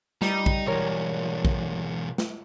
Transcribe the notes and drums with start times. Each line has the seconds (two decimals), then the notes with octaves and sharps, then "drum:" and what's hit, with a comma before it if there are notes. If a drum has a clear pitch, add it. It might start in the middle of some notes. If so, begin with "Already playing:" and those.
0.22 G3 D#5 A#5, drum: snare
0.46 drum: kick
0.67 B1 E3 A#4 C#5
1.45 drum: kick
2.18 drum: snare